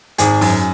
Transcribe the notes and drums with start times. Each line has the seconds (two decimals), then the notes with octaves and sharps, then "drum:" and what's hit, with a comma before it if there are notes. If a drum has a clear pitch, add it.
0.18 G#1 G#4, drum: hi-hat
0.41 F#2, drum: open hi-hat